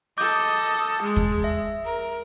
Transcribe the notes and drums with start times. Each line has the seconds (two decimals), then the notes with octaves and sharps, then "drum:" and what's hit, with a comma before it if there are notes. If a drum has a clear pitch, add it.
0.18 A4 D#5 D6 G6
1.02 G#3
1.16 drum: kick
1.44 E5
1.85 A#4